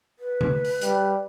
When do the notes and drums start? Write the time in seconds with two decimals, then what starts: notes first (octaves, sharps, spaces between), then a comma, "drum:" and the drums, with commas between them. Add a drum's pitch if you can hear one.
0.19 B4
0.41 drum: tom C#3
0.65 drum: open hi-hat
0.81 G3, drum: hi-hat